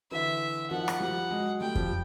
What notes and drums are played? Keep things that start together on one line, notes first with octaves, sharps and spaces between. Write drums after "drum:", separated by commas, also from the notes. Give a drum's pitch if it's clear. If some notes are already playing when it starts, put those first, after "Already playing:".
D3 E3 E5
D#3 F3 F#5
drum: rim click
F3 G3
F#3 G#3
G3 A3 G5
F3 G3, drum: kick F2